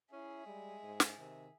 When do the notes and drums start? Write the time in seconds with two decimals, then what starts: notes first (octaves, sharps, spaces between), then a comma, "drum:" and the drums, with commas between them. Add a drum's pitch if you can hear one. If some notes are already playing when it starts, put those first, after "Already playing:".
0.13 C#4 E4 G#4 E5
0.46 G3 G#3
0.83 G#2
1.00 drum: snare
1.19 C3 D#3